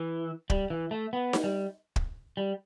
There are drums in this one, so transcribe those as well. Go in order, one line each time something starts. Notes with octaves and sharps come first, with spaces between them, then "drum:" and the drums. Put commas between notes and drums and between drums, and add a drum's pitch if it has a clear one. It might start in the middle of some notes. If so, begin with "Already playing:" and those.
Already playing: E3
G3, drum: kick
E3
A3
B3
drum: snare D#4
G3
drum: kick
G3